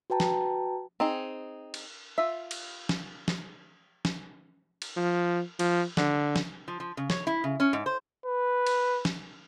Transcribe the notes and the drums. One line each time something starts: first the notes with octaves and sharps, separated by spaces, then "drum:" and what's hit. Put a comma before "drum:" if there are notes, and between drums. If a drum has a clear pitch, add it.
F#4 B4 G5 A5 A#5
drum: snare
C4 D#4 G#4
drum: cymbal
F4 E5
drum: cymbal
drum: snare
drum: snare
drum: snare
drum: cymbal
F3
F3, drum: cymbal
D3, drum: snare
drum: snare
F3
F3
C#3
C#5, drum: snare
E4
C#3
C#4
G#2
C5
B4
drum: cymbal
drum: snare